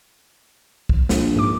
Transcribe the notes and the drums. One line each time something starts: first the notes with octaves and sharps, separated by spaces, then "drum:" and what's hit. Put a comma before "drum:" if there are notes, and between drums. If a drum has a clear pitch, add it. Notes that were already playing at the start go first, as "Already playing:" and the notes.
drum: kick
A#1, drum: snare
G#2 D6